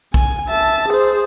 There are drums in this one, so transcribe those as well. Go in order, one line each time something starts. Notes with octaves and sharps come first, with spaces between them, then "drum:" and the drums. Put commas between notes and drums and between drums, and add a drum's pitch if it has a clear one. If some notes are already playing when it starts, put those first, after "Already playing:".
G#5, drum: kick
E5 A5
G#4 C5